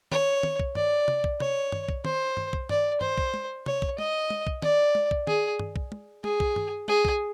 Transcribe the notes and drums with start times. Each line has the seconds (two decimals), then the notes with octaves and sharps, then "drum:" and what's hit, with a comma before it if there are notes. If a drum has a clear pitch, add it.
0.12 C#5, drum: tom
0.43 drum: tom
0.60 drum: kick B1
0.75 D5, drum: tom G2
1.08 drum: tom
1.24 drum: kick B1
1.40 C#5, drum: tom
1.72 drum: tom G2
1.89 drum: kick B1
2.05 C5, drum: tom
2.37 drum: tom G2
2.53 drum: kick B1
2.69 D5, drum: tom G2
3.01 C5, drum: tom G2
3.18 drum: kick B1
3.34 drum: tom
3.66 C#5, drum: tom
3.82 drum: kick B1
3.98 D#5, drum: tom
4.30 drum: tom
4.47 drum: kick B1
4.62 D5, drum: tom
4.95 drum: tom
5.11 drum: kick B1
5.27 G#4, drum: tom
5.59 drum: tom G2
5.76 drum: kick B1
5.92 drum: tom
6.24 G#4, drum: tom
6.40 drum: kick B1
6.56 drum: tom G2
6.88 G#4, drum: tom
7.05 drum: kick B1